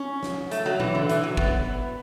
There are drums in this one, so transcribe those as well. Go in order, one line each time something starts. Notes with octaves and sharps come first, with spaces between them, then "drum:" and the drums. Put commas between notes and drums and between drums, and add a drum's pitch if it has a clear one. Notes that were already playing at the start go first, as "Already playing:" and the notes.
Already playing: C#4
drum: snare
A3, drum: hi-hat
F#3
E3, drum: tom A#2
D3
E3, drum: hi-hat
F#3
B3, drum: kick